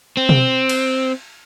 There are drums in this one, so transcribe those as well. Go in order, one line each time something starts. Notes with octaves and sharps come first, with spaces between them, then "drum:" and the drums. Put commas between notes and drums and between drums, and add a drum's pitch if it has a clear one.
C4
drum: tom B2
drum: cymbal